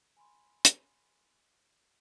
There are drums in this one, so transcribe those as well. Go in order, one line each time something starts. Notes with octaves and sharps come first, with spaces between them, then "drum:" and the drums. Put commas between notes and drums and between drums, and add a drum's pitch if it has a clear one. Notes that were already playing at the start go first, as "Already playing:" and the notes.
G#5 B5 C6
drum: hi-hat